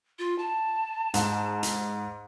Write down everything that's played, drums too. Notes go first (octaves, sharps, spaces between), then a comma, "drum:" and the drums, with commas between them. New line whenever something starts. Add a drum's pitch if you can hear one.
F4
A5
G#2, drum: hi-hat
drum: hi-hat